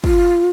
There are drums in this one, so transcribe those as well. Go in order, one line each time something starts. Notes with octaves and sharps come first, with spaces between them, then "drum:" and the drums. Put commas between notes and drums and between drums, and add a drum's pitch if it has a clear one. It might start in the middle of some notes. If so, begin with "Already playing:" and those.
F4, drum: kick